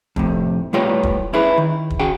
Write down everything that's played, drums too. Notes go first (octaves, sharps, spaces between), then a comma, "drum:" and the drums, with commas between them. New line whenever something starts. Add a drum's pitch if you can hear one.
F2 A2 C3, drum: kick
A2 G3 B3 F4 C#5 G5
drum: kick
C#4 E4 G#4 B4
D#3
drum: kick
C#4 F#4 G#4 G5